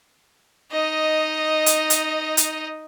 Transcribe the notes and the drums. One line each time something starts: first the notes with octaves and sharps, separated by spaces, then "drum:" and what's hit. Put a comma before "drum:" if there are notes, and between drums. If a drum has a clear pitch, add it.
D#4 D#5
drum: hi-hat
drum: hi-hat
drum: hi-hat